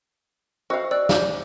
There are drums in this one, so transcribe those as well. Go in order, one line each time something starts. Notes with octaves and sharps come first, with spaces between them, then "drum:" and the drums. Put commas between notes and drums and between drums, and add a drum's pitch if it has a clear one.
F#4 C5 D#5 F5 E6
D5 E6 F#6
G#5 D6 G6, drum: snare